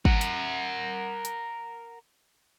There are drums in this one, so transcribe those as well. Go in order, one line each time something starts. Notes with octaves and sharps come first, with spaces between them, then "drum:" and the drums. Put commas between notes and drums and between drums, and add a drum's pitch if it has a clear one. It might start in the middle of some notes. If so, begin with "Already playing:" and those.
A#4 F#5, drum: kick
drum: hi-hat
drum: hi-hat